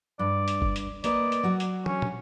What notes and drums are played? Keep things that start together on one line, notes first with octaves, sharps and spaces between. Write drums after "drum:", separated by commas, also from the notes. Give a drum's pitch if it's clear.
G2 D5
drum: hi-hat
drum: kick G1
drum: hi-hat
A#3 B4 D5 D#5, drum: hi-hat
drum: hi-hat
F#3 F#4
drum: hi-hat
C#4, drum: tom
drum: tom